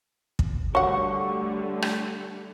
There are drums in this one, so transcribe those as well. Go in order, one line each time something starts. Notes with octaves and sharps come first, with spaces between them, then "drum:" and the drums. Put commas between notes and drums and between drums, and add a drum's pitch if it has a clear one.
drum: kick
D3 G3 A3 F#4 C#5 F#5 C#6
drum: rim click